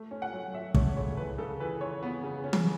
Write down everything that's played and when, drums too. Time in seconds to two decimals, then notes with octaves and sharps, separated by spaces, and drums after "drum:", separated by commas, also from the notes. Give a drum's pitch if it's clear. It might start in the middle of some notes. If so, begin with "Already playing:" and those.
Already playing: A3
0.11 C#4
0.22 F#5
0.33 F#3
0.53 F#3 E5
0.74 A3 C#5, drum: kick
0.96 C#3 C#5
1.17 E3 B4
1.38 C#3 A4
1.60 E3 B4
1.81 E3 C#5
2.03 B3
2.23 C#3
2.44 C#4
2.53 drum: tom